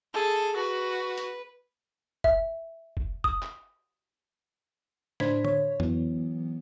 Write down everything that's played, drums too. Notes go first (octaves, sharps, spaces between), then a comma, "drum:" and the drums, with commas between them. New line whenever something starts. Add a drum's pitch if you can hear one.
G#4 A4
F#4 B4
drum: hi-hat
E5, drum: kick F#1
drum: kick F#1
D#6, drum: kick F#1
drum: clap
A2 D4 C5 B5 G#6 B6, drum: snare
C#5, drum: tom D3
E3 F#3 B3, drum: tom F2